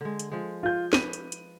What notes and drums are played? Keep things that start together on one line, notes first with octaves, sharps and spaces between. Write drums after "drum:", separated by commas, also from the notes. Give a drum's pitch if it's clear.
D3 G#3
drum: hi-hat
F3 G#3
F4 G6
B4 D#7, drum: snare
drum: hi-hat
drum: hi-hat